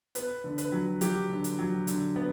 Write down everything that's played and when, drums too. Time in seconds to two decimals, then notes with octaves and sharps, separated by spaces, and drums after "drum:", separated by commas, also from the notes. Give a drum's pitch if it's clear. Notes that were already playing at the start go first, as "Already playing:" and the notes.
0.15 B3 B4, drum: hi-hat
0.44 D3
0.58 B4, drum: hi-hat
0.72 F#3
1.01 F#3 G4, drum: hi-hat
1.30 D3
1.44 drum: hi-hat
1.59 F#3
1.87 D3, drum: hi-hat
2.16 B3